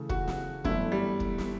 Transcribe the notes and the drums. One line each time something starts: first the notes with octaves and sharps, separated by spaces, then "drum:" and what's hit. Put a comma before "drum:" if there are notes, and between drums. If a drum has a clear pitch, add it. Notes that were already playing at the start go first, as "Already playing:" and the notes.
Already playing: C#3 E3 A3
F#4, drum: kick
drum: snare
G1 F#2 E3 A3 E4, drum: kick
G3
drum: kick
drum: snare